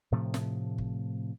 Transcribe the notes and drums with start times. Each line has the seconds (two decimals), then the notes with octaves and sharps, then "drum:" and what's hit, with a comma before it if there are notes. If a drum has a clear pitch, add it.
0.12 A2 C3 F3 A3
0.34 drum: snare
0.78 drum: kick